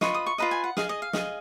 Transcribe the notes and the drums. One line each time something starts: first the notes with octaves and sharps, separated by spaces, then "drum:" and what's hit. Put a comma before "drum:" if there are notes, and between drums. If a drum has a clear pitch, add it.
F4 B4 D#5 C#6, drum: snare
D#6
C#6
F4 B4 D#5 A#5
G#5
F#5
G#4 D#5 F5, drum: snare
D#5
F5
G#4 D#5, drum: snare